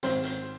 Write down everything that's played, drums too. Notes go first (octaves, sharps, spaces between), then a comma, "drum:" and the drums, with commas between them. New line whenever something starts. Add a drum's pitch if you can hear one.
G#1 C4 C5, drum: hi-hat
drum: hi-hat